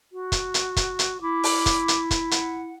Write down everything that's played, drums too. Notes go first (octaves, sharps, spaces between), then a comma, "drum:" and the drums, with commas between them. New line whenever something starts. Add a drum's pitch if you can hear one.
F#4
drum: kick, hi-hat
drum: hi-hat
drum: kick, hi-hat
drum: hi-hat
E4 D6
drum: open hi-hat
drum: kick, hi-hat
drum: hi-hat
drum: kick, hi-hat
F#5, drum: hi-hat